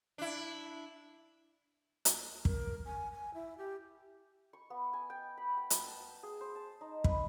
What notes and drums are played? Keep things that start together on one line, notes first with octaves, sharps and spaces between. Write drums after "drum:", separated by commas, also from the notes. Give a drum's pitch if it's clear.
D4 E4
drum: hi-hat
A#4, drum: kick
G#5
G#5
E4
G4
C#6
B3
G#5
G5
B5
G5
drum: hi-hat
A5
G#4
C5
A5
D#4
B4, drum: kick